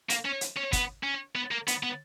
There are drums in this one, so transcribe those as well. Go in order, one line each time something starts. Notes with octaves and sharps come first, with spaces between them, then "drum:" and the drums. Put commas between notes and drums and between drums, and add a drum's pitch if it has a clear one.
A#3, drum: hi-hat
C#4
drum: hi-hat
C#4
B3, drum: kick, hi-hat
C#4
B3
A#3
B3, drum: hi-hat
B3